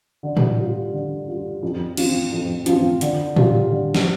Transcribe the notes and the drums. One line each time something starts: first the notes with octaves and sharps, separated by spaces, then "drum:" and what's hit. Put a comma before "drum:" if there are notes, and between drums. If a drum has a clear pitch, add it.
D3
drum: tom A2
G3 F4
D3
G3 F4
F2
F3 C4 F4, drum: cymbal
F2
F3 C4 F4, drum: hi-hat
D3, drum: hi-hat
G3 F4, drum: tom A2
D3
drum: snare